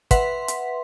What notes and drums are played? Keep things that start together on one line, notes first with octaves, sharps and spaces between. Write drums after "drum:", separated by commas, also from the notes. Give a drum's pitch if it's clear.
B4 E5 F#5 C6 B6, drum: kick, hi-hat
drum: hi-hat